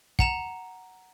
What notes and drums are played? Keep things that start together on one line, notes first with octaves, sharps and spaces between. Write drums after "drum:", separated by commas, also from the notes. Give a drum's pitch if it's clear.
F#5 A#5 E7, drum: kick